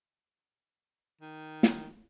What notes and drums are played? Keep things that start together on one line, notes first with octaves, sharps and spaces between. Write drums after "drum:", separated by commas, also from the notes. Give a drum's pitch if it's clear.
D#3
drum: snare